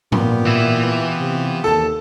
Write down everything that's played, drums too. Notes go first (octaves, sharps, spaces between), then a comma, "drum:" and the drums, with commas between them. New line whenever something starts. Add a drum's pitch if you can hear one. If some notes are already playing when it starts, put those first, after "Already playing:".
A#2 B3 F4 G4, drum: tom G#2
E3 E5
C3
D#2 A4 A5